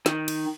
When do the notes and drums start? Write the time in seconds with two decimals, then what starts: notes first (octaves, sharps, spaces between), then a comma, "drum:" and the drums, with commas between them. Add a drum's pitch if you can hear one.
0.06 D#3, drum: snare
0.28 drum: cymbal